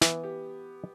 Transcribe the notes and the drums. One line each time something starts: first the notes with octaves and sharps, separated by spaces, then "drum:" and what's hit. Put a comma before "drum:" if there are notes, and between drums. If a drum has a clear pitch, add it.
E3 B3, drum: snare
G4